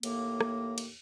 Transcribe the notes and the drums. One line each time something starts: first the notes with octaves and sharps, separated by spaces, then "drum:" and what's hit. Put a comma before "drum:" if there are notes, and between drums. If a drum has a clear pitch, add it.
D#2 A2 A#3, drum: cymbal
drum: rim click
drum: cymbal